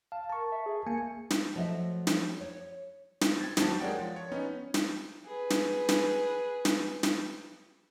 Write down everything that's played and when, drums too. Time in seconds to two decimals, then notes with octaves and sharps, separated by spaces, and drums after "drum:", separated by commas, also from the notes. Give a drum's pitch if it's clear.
0.12 F5 A5
0.30 A#4 A5 C#6
0.52 E5
0.66 G#4
0.87 A#3 G#5 C#7
1.30 drum: snare
1.55 F3 F#3 A3 D#5 E5
2.07 drum: snare
2.41 C#5
3.21 drum: snare
3.40 C4 G#6 A6
3.57 D#2 F#3 G4 C5 A5, drum: snare
3.81 G#3 A#4 C#5 D5 F#5 G5
3.99 F3
4.16 C#5
4.32 B3 C#4 D#4
4.74 drum: snare
5.25 G#4 B4
5.50 drum: snare
5.89 drum: snare
6.65 drum: snare
7.03 drum: snare